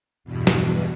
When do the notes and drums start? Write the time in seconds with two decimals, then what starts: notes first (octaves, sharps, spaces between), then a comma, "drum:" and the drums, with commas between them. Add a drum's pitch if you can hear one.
0.24 E2 G2 B2
0.47 drum: snare